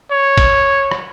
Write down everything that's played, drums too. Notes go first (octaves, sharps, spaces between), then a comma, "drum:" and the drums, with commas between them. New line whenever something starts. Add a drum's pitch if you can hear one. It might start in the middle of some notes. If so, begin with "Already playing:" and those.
C#5
drum: kick, cymbal
drum: rim click